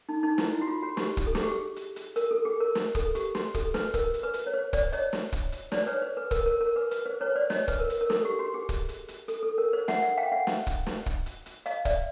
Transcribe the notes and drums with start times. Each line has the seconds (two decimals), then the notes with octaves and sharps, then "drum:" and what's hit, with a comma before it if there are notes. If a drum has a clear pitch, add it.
0.09 D#4
0.23 D#4
0.38 E4, drum: snare
0.53 E4
0.62 F#4
0.67 F4
0.83 F#4
0.97 G4, drum: snare
1.17 drum: kick, hi-hat
1.27 A4
1.35 G#4, drum: snare
1.43 G4
1.50 G#4
1.76 drum: hi-hat
1.96 drum: hi-hat
2.16 A#4, drum: hi-hat
2.31 A4
2.45 G#4
2.60 A#4
2.75 drum: snare
2.95 A4, drum: kick, hi-hat
3.15 G4, drum: hi-hat
3.35 F#4, drum: snare
3.54 A4, drum: kick, hi-hat
3.74 B4, drum: snare
3.94 A#4, drum: kick, hi-hat
4.14 drum: hi-hat
4.23 B4
4.34 drum: hi-hat
4.46 C#5
4.54 C5
4.73 C5 D5, drum: kick, hi-hat
4.92 C#5 D#5, drum: hi-hat
5.13 drum: snare
5.33 drum: kick, hi-hat
5.52 drum: hi-hat
5.72 C5 D5, drum: snare
5.87 B4 C#5
6.02 C5
6.17 B4
6.31 A#4, drum: kick, hi-hat
6.46 A#4
6.61 A#4
6.76 B4
6.91 B4, drum: hi-hat
7.06 C5
7.21 B4 C#5
7.35 C5 D5
7.50 C#5 D#5, drum: snare
7.68 B4, drum: kick, hi-hat
7.80 A#4
7.90 drum: hi-hat
8.01 A#4
8.10 A4, drum: snare
8.25 G4
8.39 F#4
8.54 G#4
8.69 drum: kick, hi-hat
8.89 drum: hi-hat
9.08 drum: hi-hat
9.28 A4, drum: hi-hat
9.43 A4
9.58 A#4
9.73 C5
9.88 E5 F#5, drum: snare
10.02 E5 F#5
10.17 F5 G5
10.32 E5 F#5
10.47 drum: snare
10.67 drum: kick, hi-hat
10.86 drum: snare
11.06 drum: kick
11.26 drum: hi-hat
11.46 drum: hi-hat
11.66 D#5 F5, drum: hi-hat
11.85 D5 E5, drum: kick, hi-hat